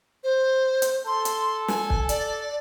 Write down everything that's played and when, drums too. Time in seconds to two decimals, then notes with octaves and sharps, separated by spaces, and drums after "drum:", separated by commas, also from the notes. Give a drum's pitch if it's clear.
0.24 C5
0.82 drum: hi-hat
1.07 A4 C6
1.25 drum: hi-hat
1.68 G#5, drum: snare
1.90 drum: kick
2.09 D5, drum: hi-hat